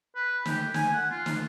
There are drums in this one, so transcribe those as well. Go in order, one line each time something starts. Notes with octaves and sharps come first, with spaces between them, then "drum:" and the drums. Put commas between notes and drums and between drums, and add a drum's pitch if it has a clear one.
B4
G4, drum: snare
G#5, drum: snare
F#5
F4
drum: snare